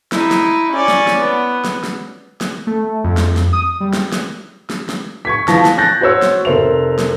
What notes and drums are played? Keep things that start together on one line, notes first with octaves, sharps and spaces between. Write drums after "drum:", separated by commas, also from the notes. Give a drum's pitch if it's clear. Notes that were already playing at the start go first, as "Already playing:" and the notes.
D#4 E4, drum: snare
drum: snare
C#4 D5
drum: snare
drum: snare
B3
drum: snare
drum: snare
drum: snare
A3
F2
drum: snare
drum: snare
D#6
G3
drum: snare
drum: snare
drum: snare
drum: snare
C#6 G#6 B6
E3 F3 A5 A#6, drum: snare
drum: snare
F#6 G6 A6 A#6
F#4 C5 C#5 E6
drum: snare
F1 A#4 C5 E5 F7
drum: snare